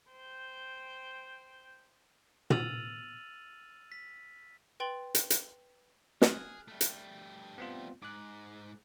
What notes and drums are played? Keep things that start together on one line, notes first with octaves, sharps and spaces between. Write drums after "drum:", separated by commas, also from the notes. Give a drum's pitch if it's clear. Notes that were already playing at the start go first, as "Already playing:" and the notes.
C5 G5
E6 F6 A6 D#7 F7 F#7, drum: tom
B6
B4 G5 C6 A6 F#7
drum: hi-hat
drum: hi-hat
G#4 F6 F#6, drum: snare
G3 A3
drum: hi-hat
B3 C4 F4
G#2 D6 F#6